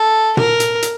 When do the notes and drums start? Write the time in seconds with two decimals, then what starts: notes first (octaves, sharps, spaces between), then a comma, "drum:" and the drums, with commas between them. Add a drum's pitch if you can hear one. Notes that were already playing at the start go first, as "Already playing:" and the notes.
Already playing: A4
0.37 A#4, drum: tom
0.60 drum: hi-hat
0.82 drum: hi-hat